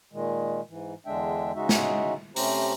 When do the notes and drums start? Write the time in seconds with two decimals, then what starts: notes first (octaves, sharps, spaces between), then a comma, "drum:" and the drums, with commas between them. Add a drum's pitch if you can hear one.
0.13 A#2 D#3 G#3
0.69 G#2 E3
1.06 E2 D3 G#3 D4 E5 G5
1.55 C#3 G#3 D#4 F#4 E5
1.69 drum: snare
2.36 C3 A3 C#4 G4 C5 A#5, drum: open hi-hat